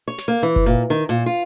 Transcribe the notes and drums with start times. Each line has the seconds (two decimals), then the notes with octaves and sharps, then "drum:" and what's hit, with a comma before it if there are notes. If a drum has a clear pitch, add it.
0.08 C#5
0.18 drum: snare
0.28 A#3
0.43 E3
0.56 drum: kick F#1
0.66 A#2
0.90 D#3
1.09 A#2
1.26 F4